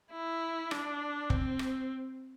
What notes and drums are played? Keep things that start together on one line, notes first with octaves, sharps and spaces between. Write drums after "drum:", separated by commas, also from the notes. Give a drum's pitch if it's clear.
E4
D4, drum: rim click
C4, drum: kick
drum: rim click